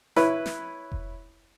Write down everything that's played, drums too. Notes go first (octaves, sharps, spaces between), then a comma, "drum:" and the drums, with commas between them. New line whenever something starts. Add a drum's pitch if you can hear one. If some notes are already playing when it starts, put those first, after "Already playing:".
E4 B4 C#5, drum: snare
drum: snare
drum: kick F1